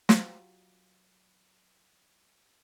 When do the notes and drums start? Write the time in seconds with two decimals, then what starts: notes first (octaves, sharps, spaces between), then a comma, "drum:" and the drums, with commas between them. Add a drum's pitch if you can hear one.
0.09 F#3 F4 G4, drum: snare